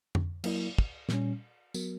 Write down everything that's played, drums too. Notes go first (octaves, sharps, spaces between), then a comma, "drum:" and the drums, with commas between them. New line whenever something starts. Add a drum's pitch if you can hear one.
drum: tom F2
F#3 A#3 E4 A#4, drum: cymbal
drum: kick
A#2 G3 C#4, drum: snare
F#3 B3 F#4 A#4, drum: tambourine